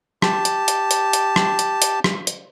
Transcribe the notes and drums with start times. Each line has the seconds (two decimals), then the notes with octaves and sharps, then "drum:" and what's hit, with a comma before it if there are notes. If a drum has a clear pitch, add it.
0.22 G4 A5, drum: rim click
0.45 drum: hi-hat
0.68 drum: hi-hat
0.91 drum: hi-hat
1.13 drum: hi-hat
1.36 drum: rim click
1.59 drum: hi-hat
1.82 drum: hi-hat
2.04 drum: rim click
2.27 drum: hi-hat